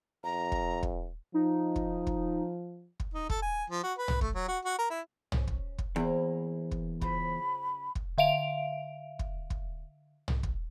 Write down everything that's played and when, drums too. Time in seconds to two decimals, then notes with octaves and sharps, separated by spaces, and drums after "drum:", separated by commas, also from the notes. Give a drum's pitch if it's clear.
0.24 F2 A#5
0.52 drum: kick
0.83 drum: kick
1.34 F3 D#4
1.76 drum: kick
2.07 drum: kick
3.00 drum: kick
3.14 D#4
3.30 A4, drum: kick
3.42 G#5
3.70 F3
3.84 F#4
3.98 B4
4.08 drum: tom
4.21 A3, drum: kick
4.35 F#3
4.48 F#4
4.65 F#4
4.78 A#4
4.90 E4
5.32 C#4, drum: tom
5.48 drum: kick
5.79 drum: kick
5.96 E2 A#3 C4 E4
6.71 drum: kick
7.01 C#3 F4 C5 B5, drum: kick
7.95 drum: kick
8.18 D3 E5 F5 D7 F7
9.19 drum: kick
9.50 drum: kick
10.28 drum: tom
10.43 drum: kick